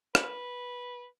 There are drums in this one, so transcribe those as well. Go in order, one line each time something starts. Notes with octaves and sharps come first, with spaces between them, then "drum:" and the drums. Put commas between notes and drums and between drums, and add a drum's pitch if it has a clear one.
B4, drum: rim click